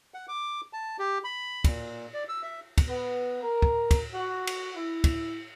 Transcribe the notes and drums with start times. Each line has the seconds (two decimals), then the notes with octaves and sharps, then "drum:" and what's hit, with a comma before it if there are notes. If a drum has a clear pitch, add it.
0.14 F#5
0.28 D6
0.73 A5
0.99 G4
1.24 B5
1.64 A#2, drum: kick, cymbal
2.14 D5
2.29 E6
2.43 E5
2.78 drum: kick, cymbal
2.89 B3
3.43 A#4
3.62 drum: kick
3.91 drum: kick, cymbal
4.15 F#4
4.47 drum: cymbal
4.76 E4
5.04 drum: kick, cymbal